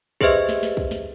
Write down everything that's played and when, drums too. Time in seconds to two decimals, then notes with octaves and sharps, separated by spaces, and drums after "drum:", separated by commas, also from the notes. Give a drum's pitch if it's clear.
0.21 G4 G#4 B4 C5 D#5 E5, drum: kick
0.49 drum: snare
0.63 drum: snare
0.77 drum: kick
0.91 drum: snare